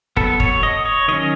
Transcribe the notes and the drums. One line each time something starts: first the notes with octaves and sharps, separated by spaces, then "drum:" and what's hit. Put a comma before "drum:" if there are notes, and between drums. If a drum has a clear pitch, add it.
F#3 B3 A4, drum: kick
C#5, drum: kick
D#5
C#5
D#3 F#3 C#4 D#5